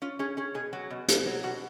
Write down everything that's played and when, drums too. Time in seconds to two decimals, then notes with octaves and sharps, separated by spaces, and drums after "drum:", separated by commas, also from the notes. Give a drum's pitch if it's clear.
0.02 C#4 F4
0.19 C#4 G#4
0.37 C#4 G#4
0.54 B2 G#4
0.73 F#3 F#4
0.90 B2
1.08 B2, drum: hi-hat
1.26 F#3
1.43 B2 F#4